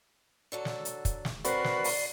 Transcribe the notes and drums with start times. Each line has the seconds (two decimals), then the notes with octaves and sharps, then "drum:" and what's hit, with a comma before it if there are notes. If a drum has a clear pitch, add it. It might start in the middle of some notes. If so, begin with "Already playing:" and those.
0.52 D3 F#3 A4
0.65 drum: snare
0.85 drum: hi-hat
1.05 drum: kick, hi-hat
1.25 drum: snare
1.45 C4 D4 F#4 A#4 B4 D5 C7, drum: hi-hat
1.64 drum: snare
1.84 drum: open hi-hat